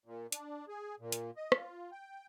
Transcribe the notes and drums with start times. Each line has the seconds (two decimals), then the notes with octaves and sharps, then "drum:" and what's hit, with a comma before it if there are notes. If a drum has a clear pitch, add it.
0.06 A#2
0.32 D4, drum: hi-hat
0.68 G#4
1.00 A#2
1.12 drum: hi-hat
1.36 D#5
1.52 F4, drum: rim click
1.92 G5